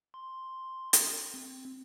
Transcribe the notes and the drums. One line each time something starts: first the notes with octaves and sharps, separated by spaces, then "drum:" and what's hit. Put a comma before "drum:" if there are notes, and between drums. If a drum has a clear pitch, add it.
C6
drum: hi-hat
C4